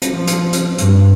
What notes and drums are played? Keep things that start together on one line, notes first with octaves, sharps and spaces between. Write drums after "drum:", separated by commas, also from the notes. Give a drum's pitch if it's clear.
drum: hi-hat
F3
drum: hi-hat
drum: hi-hat
G2, drum: hi-hat